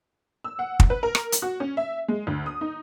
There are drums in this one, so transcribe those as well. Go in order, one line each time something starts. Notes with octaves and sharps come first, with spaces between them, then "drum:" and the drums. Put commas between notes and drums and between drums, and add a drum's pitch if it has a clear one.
E6
F#5
drum: kick
B4
A#4
drum: rim click
drum: hi-hat
F#4
C#4
E5
G#3
D2
D#6
D#4